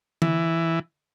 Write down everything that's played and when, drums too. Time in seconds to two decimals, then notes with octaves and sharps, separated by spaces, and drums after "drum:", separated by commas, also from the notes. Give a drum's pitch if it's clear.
0.22 E3, drum: tom D3